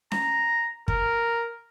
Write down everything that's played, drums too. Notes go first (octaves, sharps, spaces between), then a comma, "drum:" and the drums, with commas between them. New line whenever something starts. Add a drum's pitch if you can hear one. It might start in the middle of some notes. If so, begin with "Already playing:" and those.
A#5, drum: snare C#4
A#4, drum: kick